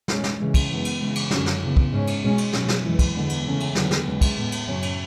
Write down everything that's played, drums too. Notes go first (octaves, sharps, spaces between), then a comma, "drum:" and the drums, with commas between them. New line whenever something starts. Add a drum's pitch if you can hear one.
B2 G#3 C#4, drum: snare
drum: snare
C#3 E3 G#3 C#4
drum: kick, cymbal
F#2 E3 G#3 B3
drum: cymbal
C#3 E3 G#3
drum: cymbal
F#2 D3 F#3 C#4, drum: snare
drum: snare
C#3 E3 B3
drum: kick
G#2 G#3 C#4
drum: cymbal
B2 G#3 C#4
drum: cymbal
B2 F#3 C#4, drum: snare
drum: snare
F#2 E3 G#3
drum: kick, cymbal
E2 D3 G#3 B3
drum: cymbal
C#3 E3 A3 C#4
drum: cymbal
E2 D3 F#3 B3, drum: snare
drum: snare
E2 C#3 G#3 B3
drum: kick, cymbal
A2 G#3 B3
drum: cymbal
F#2 C#3 F#3 C#4
drum: cymbal